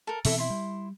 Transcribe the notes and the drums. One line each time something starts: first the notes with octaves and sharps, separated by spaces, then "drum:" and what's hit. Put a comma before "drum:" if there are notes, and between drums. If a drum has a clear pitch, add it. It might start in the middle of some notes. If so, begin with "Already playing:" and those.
A4 A#4
B2 E3 C4 E4 A4 E5, drum: open hi-hat
E4 C6
G3